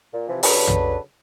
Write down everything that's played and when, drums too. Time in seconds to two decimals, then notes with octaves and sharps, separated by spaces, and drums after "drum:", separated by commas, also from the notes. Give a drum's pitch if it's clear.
0.14 A#2
0.28 C3 E3 F3
0.43 C#3 F#3 D4 A4 B4, drum: open hi-hat
0.67 drum: tom